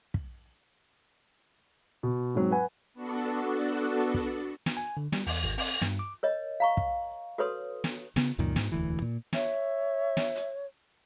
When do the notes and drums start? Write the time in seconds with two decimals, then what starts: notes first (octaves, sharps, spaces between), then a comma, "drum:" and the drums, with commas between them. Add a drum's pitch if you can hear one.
0.14 drum: kick
2.03 B2
2.35 G#2 F#3 C4
2.51 B4 F#5 G#5
2.94 B3 D4 F#4 A4
4.14 drum: kick
4.66 drum: snare
4.77 G#5
4.97 D3
5.12 G3, drum: snare
5.27 E2, drum: open hi-hat
5.44 G#1
5.58 C4, drum: open hi-hat
5.82 G2, drum: snare
5.99 D6
6.23 A#4 C#5 D#5
6.60 F5 A#5 C#6
6.77 drum: kick
7.38 F#4 A4 B4 C#5 C6 D#6
7.84 drum: snare
8.16 C#3 B3, drum: snare
8.38 C#2 F#2 A#2 D#3
8.56 G#2, drum: snare
8.72 E1 D2 E3
9.02 A#2
9.33 C#5 E5, drum: snare
10.17 drum: snare
10.35 drum: hi-hat